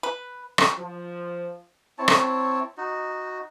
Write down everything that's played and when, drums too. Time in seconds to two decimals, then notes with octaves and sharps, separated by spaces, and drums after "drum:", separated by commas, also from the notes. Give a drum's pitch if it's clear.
0.03 B4
0.58 drum: rim click
0.77 F3
1.99 C4 E4 C#5 A5
2.08 drum: rim click
2.77 D#4 F#4